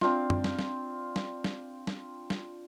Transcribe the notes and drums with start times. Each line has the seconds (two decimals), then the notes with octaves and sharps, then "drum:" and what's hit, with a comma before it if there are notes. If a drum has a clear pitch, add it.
0.01 C4 D4 F4, drum: snare
0.30 drum: tom F#2
0.44 drum: snare
0.59 drum: snare
1.16 drum: snare
1.44 drum: snare
1.87 drum: snare
2.30 drum: snare